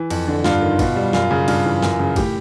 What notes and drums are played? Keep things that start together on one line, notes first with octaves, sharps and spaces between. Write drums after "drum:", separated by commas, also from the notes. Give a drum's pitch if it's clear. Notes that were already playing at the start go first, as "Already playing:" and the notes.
Already playing: E3
F2, drum: cymbal
D3
G2 F4, drum: snare
D#3
B2, drum: kick, cymbal
G3
F#2 F4, drum: snare
C#3
G2 F4, drum: cymbal
E3
F#2, drum: snare
C#3
A2 G4, drum: kick, cymbal